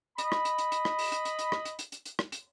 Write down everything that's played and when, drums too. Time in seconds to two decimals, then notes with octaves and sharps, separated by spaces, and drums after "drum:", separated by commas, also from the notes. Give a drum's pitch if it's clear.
0.18 D#5 B5, drum: hi-hat
0.32 drum: rim click
0.45 drum: hi-hat
0.58 drum: hi-hat
0.72 drum: hi-hat
0.85 drum: rim click
0.99 drum: open hi-hat
1.12 drum: hi-hat
1.25 drum: hi-hat
1.39 drum: hi-hat
1.52 drum: rim click
1.65 drum: hi-hat
1.79 drum: hi-hat
1.92 drum: hi-hat
2.06 drum: hi-hat
2.19 drum: rim click
2.32 drum: hi-hat